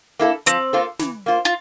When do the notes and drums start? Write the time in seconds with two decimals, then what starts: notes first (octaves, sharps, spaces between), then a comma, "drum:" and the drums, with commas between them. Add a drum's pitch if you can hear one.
0.19 A#3 E4 A4
0.46 F3 C4, drum: hi-hat
0.73 A#3 F4 A4 C5
0.99 E3, drum: snare
1.26 A#3 F4 C5
1.45 F4